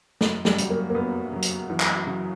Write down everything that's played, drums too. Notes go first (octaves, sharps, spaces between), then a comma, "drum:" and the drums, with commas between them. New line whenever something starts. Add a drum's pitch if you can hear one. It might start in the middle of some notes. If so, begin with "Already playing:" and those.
F#2, drum: snare
G3, drum: snare
C#3 F#3, drum: hi-hat
A#3
A#3
F#2 B3
C#3 F#3
drum: hi-hat
F#2 E3
drum: clap
C#3 F#3